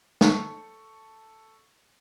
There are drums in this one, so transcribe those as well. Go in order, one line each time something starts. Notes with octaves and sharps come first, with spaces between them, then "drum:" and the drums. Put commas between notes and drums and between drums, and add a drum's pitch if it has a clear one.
A4 C#6, drum: snare